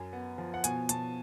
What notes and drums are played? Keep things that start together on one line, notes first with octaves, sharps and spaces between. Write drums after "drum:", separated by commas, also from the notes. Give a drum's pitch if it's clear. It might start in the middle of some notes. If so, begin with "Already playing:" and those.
Already playing: F#2 G#5
B3
F3
F#5
B2 G#5, drum: hi-hat
B2 A5, drum: hi-hat